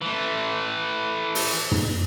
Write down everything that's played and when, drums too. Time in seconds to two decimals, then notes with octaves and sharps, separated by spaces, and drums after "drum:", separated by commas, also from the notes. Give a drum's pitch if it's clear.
0.02 E3 A3
1.35 drum: open hi-hat
1.71 drum: tom